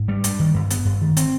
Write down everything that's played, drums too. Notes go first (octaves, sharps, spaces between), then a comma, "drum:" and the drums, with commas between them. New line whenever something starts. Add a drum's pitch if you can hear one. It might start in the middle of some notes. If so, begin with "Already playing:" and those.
Already playing: G#2
G3
G2, drum: hi-hat
D#3
G2
B3, drum: hi-hat
G2
D#3
C4, drum: hi-hat